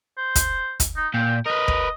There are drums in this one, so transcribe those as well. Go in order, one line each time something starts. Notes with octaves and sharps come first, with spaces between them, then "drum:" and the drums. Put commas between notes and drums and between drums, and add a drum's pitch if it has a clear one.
C5
drum: kick, hi-hat
drum: kick, hi-hat
D#4
A#2 G5
A#4 B4 D#5
drum: kick